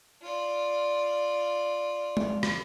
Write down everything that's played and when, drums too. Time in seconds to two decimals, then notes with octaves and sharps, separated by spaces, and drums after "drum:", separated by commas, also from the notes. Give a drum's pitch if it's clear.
0.22 F4 D5
2.17 drum: tom G#3
2.43 drum: rim click